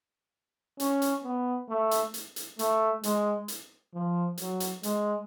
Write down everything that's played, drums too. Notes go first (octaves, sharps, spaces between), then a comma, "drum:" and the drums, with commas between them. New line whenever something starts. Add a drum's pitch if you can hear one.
C#4, drum: hi-hat
drum: hi-hat
B3
A3
drum: hi-hat
drum: hi-hat
drum: hi-hat
A3, drum: hi-hat
G#3, drum: hi-hat
drum: hi-hat
F3
F#3, drum: hi-hat
drum: hi-hat
G#3, drum: hi-hat